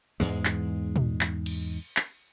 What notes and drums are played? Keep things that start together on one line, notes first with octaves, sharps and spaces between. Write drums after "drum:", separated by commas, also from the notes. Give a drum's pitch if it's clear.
E2 G#2 G#3
drum: clap
drum: tom A#2
drum: clap
drum: cymbal
drum: clap